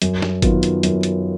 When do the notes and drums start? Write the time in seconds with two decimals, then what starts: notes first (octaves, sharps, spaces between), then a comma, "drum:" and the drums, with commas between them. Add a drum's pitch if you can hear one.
0.02 F#2, drum: hi-hat
0.22 drum: snare
0.42 D#3 F#3 B3 F4, drum: kick G1, hi-hat
0.63 drum: hi-hat
0.83 F#2, drum: hi-hat
1.03 drum: hi-hat